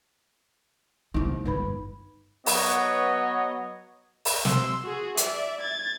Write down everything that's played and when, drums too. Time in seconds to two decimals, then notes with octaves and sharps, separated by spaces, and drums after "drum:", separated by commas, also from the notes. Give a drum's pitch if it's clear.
1.14 D#2 C3 D#4 E4
1.45 G1 D#2 D#4 B4 B5
2.46 F#3 B3 F#4 C#5 D#5, drum: open hi-hat
4.25 drum: open hi-hat
4.45 C6 E6, drum: snare
4.83 F#4 G#4
5.17 D5 E5, drum: hi-hat
5.61 G#6 A6